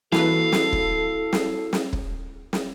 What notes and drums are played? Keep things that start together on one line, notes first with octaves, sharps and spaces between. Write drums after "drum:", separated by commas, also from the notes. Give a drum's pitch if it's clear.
E3 A#3 E4 F#4 A4 B4 F5 A5, drum: snare
drum: snare
drum: kick
drum: snare
drum: snare
drum: kick
drum: snare